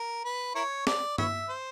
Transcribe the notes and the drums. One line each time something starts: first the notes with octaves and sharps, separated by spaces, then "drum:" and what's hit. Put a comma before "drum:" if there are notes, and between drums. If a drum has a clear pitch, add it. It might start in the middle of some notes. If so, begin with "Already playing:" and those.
Already playing: A#4
B4
E4 A#4 C#5
D5, drum: snare
B4 C#5 E5, drum: tom
C5